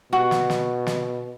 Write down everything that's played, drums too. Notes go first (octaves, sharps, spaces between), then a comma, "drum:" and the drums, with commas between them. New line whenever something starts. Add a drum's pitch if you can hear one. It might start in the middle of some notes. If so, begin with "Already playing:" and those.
B2 F#4
drum: snare
drum: snare
drum: snare